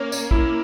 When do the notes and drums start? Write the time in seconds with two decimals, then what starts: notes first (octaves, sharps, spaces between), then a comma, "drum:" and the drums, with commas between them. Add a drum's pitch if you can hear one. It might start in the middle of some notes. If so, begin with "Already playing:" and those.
Already playing: A#3 C#4
0.12 C#4, drum: tambourine
0.31 E4, drum: kick